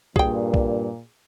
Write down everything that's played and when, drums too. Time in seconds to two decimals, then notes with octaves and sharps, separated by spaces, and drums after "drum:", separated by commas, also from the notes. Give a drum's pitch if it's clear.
0.16 G2 A#2 G#4 G5, drum: kick B1
0.54 drum: kick B1